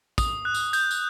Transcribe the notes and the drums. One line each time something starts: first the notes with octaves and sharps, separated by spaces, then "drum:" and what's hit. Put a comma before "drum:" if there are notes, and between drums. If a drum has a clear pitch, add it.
D#6, drum: kick, tambourine
F#6
drum: tambourine
G6, drum: tambourine
drum: tambourine